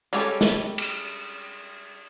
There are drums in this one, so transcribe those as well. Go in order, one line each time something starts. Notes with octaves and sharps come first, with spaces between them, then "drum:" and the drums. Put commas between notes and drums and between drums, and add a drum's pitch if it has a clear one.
G3 G#3 C#4 G4 A4, drum: hi-hat
drum: snare
drum: cymbal